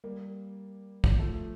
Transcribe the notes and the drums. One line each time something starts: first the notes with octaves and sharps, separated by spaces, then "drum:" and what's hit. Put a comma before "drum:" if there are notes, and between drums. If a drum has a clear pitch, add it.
G3 A#3
drum: kick
F3 A3